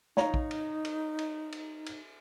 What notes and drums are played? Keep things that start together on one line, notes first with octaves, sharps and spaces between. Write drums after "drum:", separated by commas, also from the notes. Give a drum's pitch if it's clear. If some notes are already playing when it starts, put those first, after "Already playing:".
D#4 C#5 F5 A#5, drum: snare
drum: kick
drum: cymbal
drum: cymbal
drum: cymbal
drum: cymbal
drum: cymbal